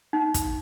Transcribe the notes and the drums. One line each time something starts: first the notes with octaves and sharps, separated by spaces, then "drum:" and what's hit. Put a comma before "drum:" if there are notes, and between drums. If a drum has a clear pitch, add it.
D#4
drum: kick, hi-hat